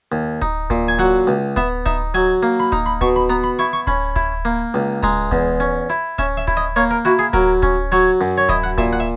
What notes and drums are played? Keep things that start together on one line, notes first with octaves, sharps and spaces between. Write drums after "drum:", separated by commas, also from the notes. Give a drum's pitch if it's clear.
D#2
D#4, drum: kick D1, hi-hat
A#2, drum: kick D1, hi-hat
G#5
F#3 F#5, drum: hi-hat
C#2, drum: hi-hat
B3 E5, drum: kick D1, hi-hat
D#4 E5, drum: kick D1, hi-hat
F#3 G#5, drum: hi-hat
A#3, drum: hi-hat
B5
D#4 A#5, drum: kick D1, hi-hat
B5
B2 C#6, drum: kick D1, hi-hat
B5
B3 A#5, drum: hi-hat
B5
E4 C#6, drum: hi-hat
C#6
C#4 B5, drum: kick D1, hi-hat
E4, drum: kick D1, hi-hat
A#3, drum: hi-hat
C#2, drum: hi-hat
G#3 A#5, drum: kick D1, hi-hat
E2, drum: kick D1, hi-hat
C#4, drum: hi-hat
E4, drum: hi-hat
C#4 E5, drum: kick D1, hi-hat
E5
E4, drum: kick D1, hi-hat
D#5
A#3 C#5, drum: hi-hat
A#4
E4 F#4, drum: hi-hat
G#4
F#3 A#4, drum: kick D1, hi-hat
C#4, drum: kick D1, hi-hat
F#3 C#5, drum: hi-hat
F#2, drum: hi-hat
C#5
E4 D#5, drum: kick D1, hi-hat
F#5
A#2 E5, drum: kick D1, hi-hat
F#5
E5